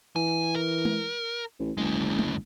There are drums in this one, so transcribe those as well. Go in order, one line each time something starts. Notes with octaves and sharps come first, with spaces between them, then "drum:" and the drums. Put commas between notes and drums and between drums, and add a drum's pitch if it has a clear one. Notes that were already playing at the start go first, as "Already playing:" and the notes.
E3 G#5
A#4
drum: tom G#3
A1
F#1 D2 G#3
drum: tom G#3